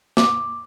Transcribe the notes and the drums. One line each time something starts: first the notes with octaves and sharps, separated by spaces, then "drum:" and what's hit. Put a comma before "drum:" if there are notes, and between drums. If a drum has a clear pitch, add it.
D6, drum: snare